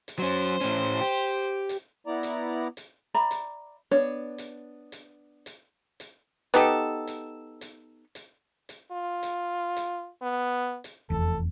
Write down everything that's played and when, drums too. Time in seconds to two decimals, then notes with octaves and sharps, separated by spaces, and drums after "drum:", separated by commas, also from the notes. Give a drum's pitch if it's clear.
0.08 drum: hi-hat
0.19 F#3 C#4 C5
0.61 A2 C#4, drum: hi-hat
1.01 G4
1.69 drum: hi-hat
2.07 B3 E4 D5 A#5
2.23 drum: hi-hat
2.77 drum: hi-hat
3.14 D5 E5 A#5 B5
3.31 drum: hi-hat
3.91 B3 D4 C#5
4.38 drum: hi-hat
4.92 drum: hi-hat
5.46 drum: hi-hat
6.00 drum: hi-hat
6.54 B3 D#4 G4 A4, drum: hi-hat
7.07 drum: hi-hat
7.61 drum: hi-hat
8.15 drum: hi-hat
8.69 drum: hi-hat
8.92 F4
9.23 drum: hi-hat
9.77 drum: hi-hat
10.22 B3
10.84 drum: hi-hat
11.10 F1 E2 A4